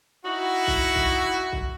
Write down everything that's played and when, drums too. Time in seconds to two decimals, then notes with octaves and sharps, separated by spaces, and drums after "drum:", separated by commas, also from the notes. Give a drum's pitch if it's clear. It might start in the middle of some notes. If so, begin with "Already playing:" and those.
0.25 D#4 E4 F#4
0.67 drum: kick C2
0.96 drum: kick C2
1.52 drum: kick C2